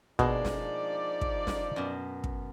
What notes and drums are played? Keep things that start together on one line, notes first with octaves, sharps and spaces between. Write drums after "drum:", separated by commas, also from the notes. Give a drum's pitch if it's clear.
B2 F3 G#3 A#3 D4 D#4 D5, drum: kick
drum: snare
drum: kick
drum: snare
F#2 B2
drum: kick